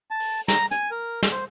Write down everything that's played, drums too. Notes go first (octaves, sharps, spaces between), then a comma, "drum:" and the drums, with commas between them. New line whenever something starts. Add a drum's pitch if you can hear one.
A5
drum: open hi-hat
A#5, drum: snare
G#5, drum: hi-hat
A#4
drum: snare
C5